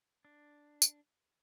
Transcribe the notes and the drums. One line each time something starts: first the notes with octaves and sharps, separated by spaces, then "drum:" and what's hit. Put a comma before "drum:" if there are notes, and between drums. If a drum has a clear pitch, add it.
D4
drum: tambourine